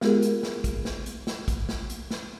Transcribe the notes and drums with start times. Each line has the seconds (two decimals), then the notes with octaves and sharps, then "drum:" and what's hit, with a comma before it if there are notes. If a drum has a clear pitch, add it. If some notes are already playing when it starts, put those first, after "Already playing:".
0.01 G#3 B3 F4 G4 G#4 A#4, drum: snare
0.22 drum: hi-hat
0.43 drum: snare
0.64 drum: kick, hi-hat
0.85 drum: snare
1.06 drum: hi-hat
1.27 drum: snare
1.48 drum: kick, hi-hat
1.69 drum: snare
1.90 drum: hi-hat
2.11 drum: snare